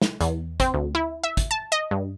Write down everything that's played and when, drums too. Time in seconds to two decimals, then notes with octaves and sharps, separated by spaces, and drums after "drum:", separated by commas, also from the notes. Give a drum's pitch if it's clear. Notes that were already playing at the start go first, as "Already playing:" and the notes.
0.02 drum: snare
0.21 E2, drum: hi-hat
0.60 C4, drum: kick, hi-hat
0.74 D2
0.95 E4
1.23 E5
1.37 drum: kick, hi-hat
1.51 A5
1.72 D#5
1.91 G2